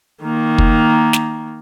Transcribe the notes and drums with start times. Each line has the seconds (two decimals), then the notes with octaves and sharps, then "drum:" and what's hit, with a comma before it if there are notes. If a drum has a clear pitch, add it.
0.22 D#3 A#3
0.58 drum: kick
1.13 drum: snare